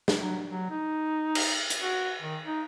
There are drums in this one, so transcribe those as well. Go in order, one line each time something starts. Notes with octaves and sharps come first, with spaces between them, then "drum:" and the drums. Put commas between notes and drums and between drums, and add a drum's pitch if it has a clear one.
drum: snare
F#3
F#3
D#4
drum: cymbal
drum: hi-hat
F#4
D#3
D#4